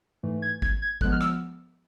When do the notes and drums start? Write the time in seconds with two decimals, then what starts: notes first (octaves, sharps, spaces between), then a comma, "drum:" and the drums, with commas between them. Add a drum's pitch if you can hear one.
0.23 G#2 E3 A3
0.42 G#6
0.62 G#6, drum: kick G#1
0.82 G#6
1.01 D3 F3 G#3 B3 F#6, drum: kick G#1
1.12 F6
1.21 E6, drum: rim click